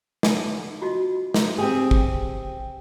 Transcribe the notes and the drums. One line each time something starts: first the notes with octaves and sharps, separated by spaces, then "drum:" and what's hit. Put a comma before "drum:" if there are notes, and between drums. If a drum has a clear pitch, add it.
D#4 F#5 G#5, drum: snare
F4 F#4 D#5
drum: snare
C4 G4 G#4
drum: kick